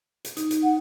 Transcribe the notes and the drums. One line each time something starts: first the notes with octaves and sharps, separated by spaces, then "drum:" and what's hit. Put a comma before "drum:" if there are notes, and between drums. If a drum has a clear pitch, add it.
drum: hi-hat
D#4, drum: hi-hat
drum: hi-hat
F#5